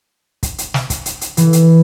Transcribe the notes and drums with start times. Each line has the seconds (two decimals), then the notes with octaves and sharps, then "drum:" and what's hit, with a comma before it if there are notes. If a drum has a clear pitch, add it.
0.43 drum: kick, hi-hat
0.58 drum: hi-hat
0.74 drum: snare
0.90 drum: kick, hi-hat
1.06 drum: hi-hat
1.21 drum: hi-hat
1.37 E3, drum: hi-hat
1.53 drum: hi-hat